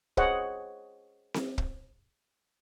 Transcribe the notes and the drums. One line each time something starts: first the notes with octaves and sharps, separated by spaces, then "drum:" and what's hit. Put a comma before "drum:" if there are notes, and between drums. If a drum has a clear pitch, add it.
G#4 C5 C#5 D#5 F#5, drum: kick
drum: snare C4
drum: kick